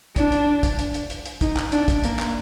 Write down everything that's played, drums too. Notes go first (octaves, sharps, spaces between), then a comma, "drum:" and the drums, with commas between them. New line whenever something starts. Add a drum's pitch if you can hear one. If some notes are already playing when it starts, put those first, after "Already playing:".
D4, drum: kick, hi-hat
drum: hi-hat
drum: kick, hi-hat
drum: hi-hat
drum: hi-hat
drum: hi-hat
drum: hi-hat
D#4, drum: kick, hi-hat
drum: clap
D4, drum: hi-hat
drum: kick, hi-hat
A#3, drum: hi-hat
drum: clap